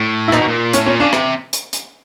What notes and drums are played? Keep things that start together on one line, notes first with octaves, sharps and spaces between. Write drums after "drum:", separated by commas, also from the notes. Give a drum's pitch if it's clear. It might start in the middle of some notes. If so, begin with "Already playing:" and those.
Already playing: A2
E4
A#2 D#4, drum: rim click
B2
A#2
A2 C#4, drum: hi-hat
A#2 C#4
C#3 D4
C3, drum: rim click
drum: hi-hat
drum: hi-hat